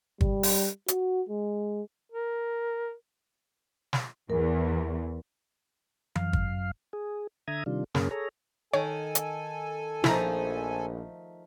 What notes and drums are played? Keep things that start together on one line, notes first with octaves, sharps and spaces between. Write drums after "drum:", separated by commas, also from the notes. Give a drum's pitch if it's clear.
G3, drum: kick
drum: open hi-hat
F#4, drum: hi-hat
G#3
A#4
drum: snare
E2 E3 A#4
F#2 F5, drum: tom E3
drum: kick
G#4
D3 E5 A#5 D#6 G#6
C3 D#3 G3 D4 F4
F#2 C#3 A#3 C#4 G#4 A#4, drum: snare
G#4 A4 C#5 A#5
D#3 A4 C#5 G#5
drum: hi-hat
A#1 F3 A3 D#4 E4 A#5, drum: snare